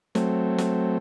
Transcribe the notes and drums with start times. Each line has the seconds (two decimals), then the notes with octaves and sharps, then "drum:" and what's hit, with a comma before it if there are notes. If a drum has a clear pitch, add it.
0.15 F#3 A3 C4, drum: snare
0.58 drum: snare